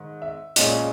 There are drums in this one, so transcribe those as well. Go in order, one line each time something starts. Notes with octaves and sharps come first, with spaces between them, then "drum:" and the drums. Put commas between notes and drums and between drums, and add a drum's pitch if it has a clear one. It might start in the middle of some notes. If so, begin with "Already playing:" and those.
Already playing: G#2 D#3
E5
A#1 A#2 G#3 C#4 D#5, drum: hi-hat